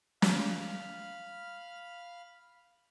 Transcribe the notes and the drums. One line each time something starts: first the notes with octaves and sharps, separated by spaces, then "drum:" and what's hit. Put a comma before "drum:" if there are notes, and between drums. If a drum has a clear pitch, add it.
F5 B5 F6, drum: snare